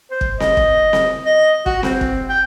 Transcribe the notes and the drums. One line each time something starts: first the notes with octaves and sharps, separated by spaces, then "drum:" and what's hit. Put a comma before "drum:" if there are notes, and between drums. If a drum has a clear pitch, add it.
C5
drum: kick
D#5, drum: snare C4
drum: kick
drum: snare C4
D#5
F#4, drum: kick
C4, drum: snare C4
drum: kick
G5